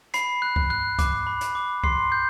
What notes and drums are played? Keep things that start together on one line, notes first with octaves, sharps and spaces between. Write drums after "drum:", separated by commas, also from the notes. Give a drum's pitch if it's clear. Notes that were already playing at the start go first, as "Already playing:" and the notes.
B5 C7, drum: hi-hat
F#6
drum: kick C2
F#6
D6, drum: kick C2, hi-hat
B5
drum: hi-hat
D6
C6 C7, drum: kick C2
G6